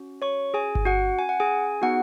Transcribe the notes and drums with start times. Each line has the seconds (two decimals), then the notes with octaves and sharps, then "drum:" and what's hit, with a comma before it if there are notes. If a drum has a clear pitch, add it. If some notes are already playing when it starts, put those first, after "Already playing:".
Already playing: C#4 F#4
0.22 C#5 C#6
0.54 G#4 G#5
0.75 drum: kick G1
0.85 F#4 F#5
1.19 G#5
1.29 F#5
1.40 G#4 G#5
1.82 B3 D#4 F#4 G#4 F#5